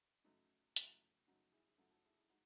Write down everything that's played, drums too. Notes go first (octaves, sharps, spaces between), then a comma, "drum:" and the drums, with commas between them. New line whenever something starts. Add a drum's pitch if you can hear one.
F#2 C#3 F#3 A3 D#4
F#2 C#3 F#3 A3, drum: hi-hat
F#2 C#3 F#3 A3 D#4 F#4
E4 G#4
G#4
F#2 C#3 F#3 A3 F#4 A4
F#4 A4
E4 G#4
E4 G#4
G#3 D#4 F#4